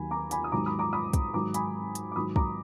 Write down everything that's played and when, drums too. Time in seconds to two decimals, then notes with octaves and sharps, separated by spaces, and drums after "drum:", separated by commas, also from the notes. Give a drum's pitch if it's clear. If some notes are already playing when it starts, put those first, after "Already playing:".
Already playing: D#2 D#3 F#3 G#5 B5
0.11 A#5 D6
0.31 G#5 B5, drum: hi-hat
0.44 D#6
0.52 G#2 D#3 F#3 A#5 D6
0.66 B5 D#6
0.79 A#5 D6
0.93 B5 D#6
1.13 drum: kick, hi-hat
1.34 G#2 D#3 F#3 A#5 D6
1.54 G#5 B5, drum: hi-hat
1.95 drum: hi-hat
2.12 D6
2.16 G#2 D#3 F#3 B5 D#6
2.36 A#5 D6, drum: kick